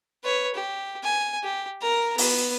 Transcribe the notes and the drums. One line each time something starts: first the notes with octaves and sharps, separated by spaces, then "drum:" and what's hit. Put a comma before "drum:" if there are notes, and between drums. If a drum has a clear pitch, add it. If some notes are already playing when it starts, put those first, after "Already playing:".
B4 C#5
G4
G#5
G4
A#4 A#5
B3, drum: open hi-hat